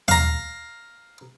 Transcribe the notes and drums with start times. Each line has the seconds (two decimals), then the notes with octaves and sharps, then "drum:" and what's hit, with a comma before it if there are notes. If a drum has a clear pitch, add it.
0.08 F5 A#5, drum: tom D#2